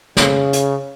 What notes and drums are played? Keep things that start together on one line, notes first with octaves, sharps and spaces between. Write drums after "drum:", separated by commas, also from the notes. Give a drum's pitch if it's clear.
C#3, drum: snare
drum: hi-hat